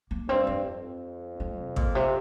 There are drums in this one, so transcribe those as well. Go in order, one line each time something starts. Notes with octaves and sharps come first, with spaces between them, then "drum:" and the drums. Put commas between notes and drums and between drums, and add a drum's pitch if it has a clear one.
A#3
G2 C4
C4
F2
C4
C3
A#2, drum: kick
C3